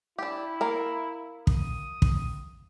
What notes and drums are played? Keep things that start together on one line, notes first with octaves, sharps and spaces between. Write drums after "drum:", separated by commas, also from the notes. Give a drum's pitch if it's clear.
D4 E4 G4
A#3 A#4
D#6, drum: kick
drum: kick